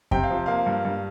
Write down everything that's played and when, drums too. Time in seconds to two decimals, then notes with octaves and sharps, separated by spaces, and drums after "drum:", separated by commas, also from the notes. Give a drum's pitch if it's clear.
0.11 C3 G5, drum: kick F2
0.23 F5
0.30 F3
0.46 A#3 F5
0.66 G2
0.85 G2